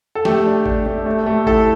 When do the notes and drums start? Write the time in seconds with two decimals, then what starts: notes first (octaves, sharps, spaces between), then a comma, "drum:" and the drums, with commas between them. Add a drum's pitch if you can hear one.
0.15 A4
0.25 A3 G4, drum: snare
0.45 D4
0.66 D4, drum: kick G#1
0.86 A3
1.06 A3
1.26 A3
1.46 E4 A4, drum: kick G#1